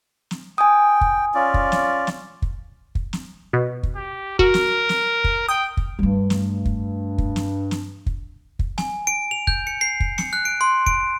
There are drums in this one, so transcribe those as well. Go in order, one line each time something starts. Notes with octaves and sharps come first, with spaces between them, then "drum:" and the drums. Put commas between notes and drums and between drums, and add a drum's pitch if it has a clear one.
drum: snare
G5 G#5 D#6
drum: kick
C#4 F4 D5
drum: kick
drum: snare
drum: snare
drum: kick
drum: kick
drum: snare
B2
drum: kick
G4
F#4 A#4, drum: kick
drum: snare
drum: snare
drum: kick
G5 D#6
drum: kick
G2 G3 A3
drum: snare
drum: kick
drum: kick
drum: snare
drum: snare
drum: kick
drum: kick
G#5, drum: snare
D7
F7
G6, drum: kick
C#7
C7
drum: kick
C#7, drum: snare
F#6
D7
C6
D7, drum: kick